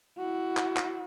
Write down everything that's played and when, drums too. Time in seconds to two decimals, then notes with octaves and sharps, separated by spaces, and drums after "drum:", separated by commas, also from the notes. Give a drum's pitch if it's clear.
0.18 E4 F#4
0.57 drum: clap
0.77 drum: clap